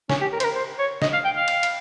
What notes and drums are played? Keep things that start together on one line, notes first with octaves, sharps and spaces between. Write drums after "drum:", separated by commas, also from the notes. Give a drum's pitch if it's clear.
C#4, drum: snare
G4
A#4
C5, drum: cymbal
A#4
C5
C#5
D#5, drum: snare
F5
G5
F5
drum: cymbal
drum: cymbal